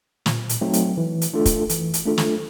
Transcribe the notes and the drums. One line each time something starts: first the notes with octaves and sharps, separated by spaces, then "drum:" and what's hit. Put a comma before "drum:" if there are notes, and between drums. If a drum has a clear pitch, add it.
A#2, drum: snare
drum: hi-hat
F#3 A3 C4 D#4
drum: hi-hat
E3
drum: hi-hat
A3 D4 F4 A4
drum: kick, hi-hat
E3, drum: hi-hat
drum: hi-hat
A3 D4 F4 A4
drum: snare